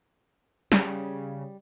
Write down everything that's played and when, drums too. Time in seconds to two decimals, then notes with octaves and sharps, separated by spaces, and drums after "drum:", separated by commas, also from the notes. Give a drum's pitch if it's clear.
0.72 C#3 G3, drum: snare